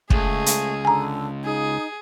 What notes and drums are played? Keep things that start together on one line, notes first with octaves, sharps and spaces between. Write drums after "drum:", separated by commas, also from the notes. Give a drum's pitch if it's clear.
C#2 A3 G#4, drum: kick
drum: hi-hat
D3 G#5 A#5
D#4 G#4